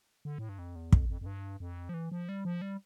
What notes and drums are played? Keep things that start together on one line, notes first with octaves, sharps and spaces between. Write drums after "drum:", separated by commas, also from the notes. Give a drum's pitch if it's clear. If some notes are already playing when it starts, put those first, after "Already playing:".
D3
A2
G2
F2
E2
F2, drum: kick
F2
F2
G2
F2
F3
E3
F3
G3
F3
G3